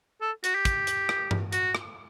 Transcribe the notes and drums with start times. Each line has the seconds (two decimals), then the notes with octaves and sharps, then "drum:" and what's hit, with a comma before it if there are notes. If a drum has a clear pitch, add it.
0.21 A4
0.44 F#4, drum: hi-hat
0.55 G4
0.65 drum: kick, hi-hat
0.87 drum: hi-hat
1.09 drum: rim click
1.31 drum: tom G2
1.53 F#4, drum: hi-hat
1.75 drum: rim click